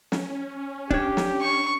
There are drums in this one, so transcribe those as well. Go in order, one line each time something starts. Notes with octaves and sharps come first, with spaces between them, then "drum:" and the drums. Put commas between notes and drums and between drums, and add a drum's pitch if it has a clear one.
C#4, drum: snare
D4 G4 C#5, drum: kick
drum: snare
C#6